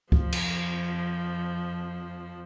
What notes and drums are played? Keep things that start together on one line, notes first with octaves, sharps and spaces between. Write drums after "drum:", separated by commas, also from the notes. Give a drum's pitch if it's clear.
F2 F3, drum: kick C#2
drum: cymbal